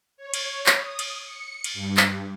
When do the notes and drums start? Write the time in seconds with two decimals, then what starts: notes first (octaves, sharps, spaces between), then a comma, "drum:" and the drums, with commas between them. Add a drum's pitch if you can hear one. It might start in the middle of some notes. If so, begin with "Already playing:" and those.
0.17 C#5
0.34 drum: cymbal
0.66 drum: clap
0.78 D#6
0.99 drum: cymbal
1.26 C#7
1.64 drum: cymbal
1.74 G2
1.97 drum: clap